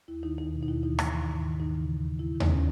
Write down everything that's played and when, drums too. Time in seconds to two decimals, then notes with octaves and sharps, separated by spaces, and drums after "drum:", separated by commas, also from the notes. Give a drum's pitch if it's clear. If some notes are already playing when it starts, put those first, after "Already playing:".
0.08 D#2 E4
0.23 D#3 D#4
0.38 E2 D#4
0.53 B2
0.63 D#4
0.68 D#2 E4
0.83 C#3 E3 D#4
0.99 G#2, drum: rim click
1.13 D#3
1.29 G#2
1.44 D#3
1.59 D#2 D#4
1.74 C#3 E3
1.90 E2
2.05 D#3
2.19 G#2 E4
2.35 D#3
2.40 D#4, drum: tom D#2
2.50 C#4